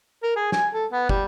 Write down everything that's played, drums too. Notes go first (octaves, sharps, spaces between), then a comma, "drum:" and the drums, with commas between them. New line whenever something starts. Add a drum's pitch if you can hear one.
A#4
G#4
G#5, drum: snare
A4
B3
G3, drum: kick